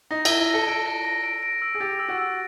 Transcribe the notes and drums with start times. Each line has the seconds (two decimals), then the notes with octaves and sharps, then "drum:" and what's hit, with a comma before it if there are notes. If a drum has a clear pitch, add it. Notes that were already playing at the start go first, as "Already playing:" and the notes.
0.11 D#4 A#6
0.25 E4 A#6, drum: cymbal
0.39 E4
0.49 A4 A#6
0.67 A4 D7
0.86 A#6
1.05 A#6
1.24 D7
1.43 D7
1.62 E6
1.75 G#4
1.80 G4 A6
1.99 E6
2.09 F#4
2.18 E6